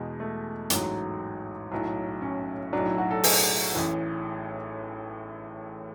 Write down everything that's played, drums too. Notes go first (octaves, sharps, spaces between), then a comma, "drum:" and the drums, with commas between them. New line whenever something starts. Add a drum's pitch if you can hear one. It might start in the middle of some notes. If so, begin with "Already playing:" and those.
Already playing: E2 B2 G#3
A3
A1 G#2 F#3, drum: hi-hat
B1 A2 F#3
C#4
B1 A2 F#3 D4
E4
F#4
A4
G#4, drum: open hi-hat
A1 A2 E3